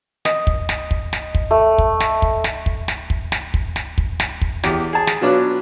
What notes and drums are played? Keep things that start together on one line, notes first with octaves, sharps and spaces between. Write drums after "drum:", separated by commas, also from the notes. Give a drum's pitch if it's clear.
D#5, drum: snare
drum: kick
drum: snare
drum: kick
drum: snare
drum: kick
A3
drum: kick
drum: snare
drum: kick
drum: snare
drum: kick
drum: snare
drum: kick
drum: snare
drum: kick
drum: snare
drum: kick
drum: snare
drum: kick
E2 G4 G5, drum: snare
G#4 A5
drum: snare
B2 F#3 B3 C#4 D4 F4